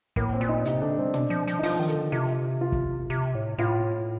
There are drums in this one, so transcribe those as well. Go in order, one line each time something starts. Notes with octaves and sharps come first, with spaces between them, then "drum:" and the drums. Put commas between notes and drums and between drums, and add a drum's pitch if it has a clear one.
A2 A#3, drum: kick
C4
A#2
D#4
C3 D#4, drum: hi-hat
D3 D4
G3 C4
D4, drum: tom
F3
F3, drum: hi-hat
D#4
F3 F4, drum: open hi-hat
D#3
A4, drum: hi-hat
D3
C3 F4
F4
drum: kick
C3
A2
A2 F4